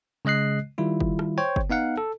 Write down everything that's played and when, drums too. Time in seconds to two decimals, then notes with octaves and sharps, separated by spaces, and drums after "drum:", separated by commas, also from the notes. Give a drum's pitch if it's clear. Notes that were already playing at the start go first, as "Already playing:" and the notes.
0.25 C#3 G#3 D#5 F#6 C7
0.78 D#3 G3 E4 F4
1.00 drum: kick F#1
1.19 drum: rim click
1.38 C5 C#5 G5
1.56 drum: kick F#1
1.70 B3 D#4 F5 F#5
1.98 A4